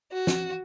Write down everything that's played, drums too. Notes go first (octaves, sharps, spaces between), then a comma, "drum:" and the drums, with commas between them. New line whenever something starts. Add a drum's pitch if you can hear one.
F#4
drum: snare